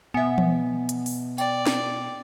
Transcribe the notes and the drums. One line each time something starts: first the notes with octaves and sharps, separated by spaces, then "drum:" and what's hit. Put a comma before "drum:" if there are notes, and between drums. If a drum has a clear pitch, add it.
B2 B3 E5 G#5
drum: tom E3
drum: hi-hat
drum: open hi-hat
D5 G5, drum: tambourine
drum: snare